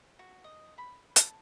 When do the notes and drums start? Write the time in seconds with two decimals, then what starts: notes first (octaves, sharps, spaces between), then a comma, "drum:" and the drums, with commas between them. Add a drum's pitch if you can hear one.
0.19 F#4
0.44 D#5
0.78 B5
1.16 A5, drum: hi-hat